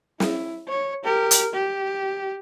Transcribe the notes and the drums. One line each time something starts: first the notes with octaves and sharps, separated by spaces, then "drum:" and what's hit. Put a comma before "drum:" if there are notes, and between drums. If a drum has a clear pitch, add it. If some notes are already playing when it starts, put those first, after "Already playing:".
E4, drum: snare
C#5
G4 A#4
drum: hi-hat
G4